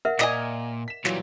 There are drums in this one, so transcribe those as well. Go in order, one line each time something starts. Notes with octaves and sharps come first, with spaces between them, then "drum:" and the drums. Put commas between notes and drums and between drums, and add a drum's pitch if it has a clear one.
A#4 E5 F#5 F6
A#2 D5 D#5 G#5, drum: snare
B6 E7
A#2 E3 F#3 G3 F4, drum: snare